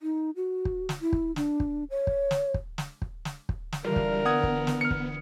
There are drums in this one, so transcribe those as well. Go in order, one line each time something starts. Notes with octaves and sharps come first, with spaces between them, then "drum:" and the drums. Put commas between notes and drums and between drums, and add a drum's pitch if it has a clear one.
D#4
F#4
drum: kick
drum: snare
E4
drum: kick
D4, drum: snare
drum: kick
C#5
drum: kick
drum: snare
drum: kick
drum: snare
drum: kick
drum: snare
drum: kick
drum: snare
D3 E3 G3 F4 A#4
drum: kick
B3 F#5 D#6 G#6
drum: kick
drum: snare
F6 C#7
drum: kick